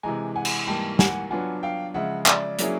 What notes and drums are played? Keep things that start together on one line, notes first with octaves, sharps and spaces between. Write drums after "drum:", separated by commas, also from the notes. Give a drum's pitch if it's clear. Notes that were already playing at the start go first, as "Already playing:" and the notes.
C3 E3 G#3 G#5 A#5
F#5 G#5
drum: cymbal
G#2 E3 G3 A#3 G5 A5
F#5 G#5, drum: snare
F#3 B3 D4 F4 F#5 G#5
F5 G5
C#3 F3 G#3 E5 F#5
D5 E5, drum: clap
F#3 A#3 C#4 E4 G#4, drum: hi-hat